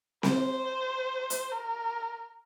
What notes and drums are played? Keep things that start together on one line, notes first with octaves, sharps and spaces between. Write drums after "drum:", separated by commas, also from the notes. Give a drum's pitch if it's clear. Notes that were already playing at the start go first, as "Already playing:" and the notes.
C5, drum: snare C4
drum: hi-hat
A#4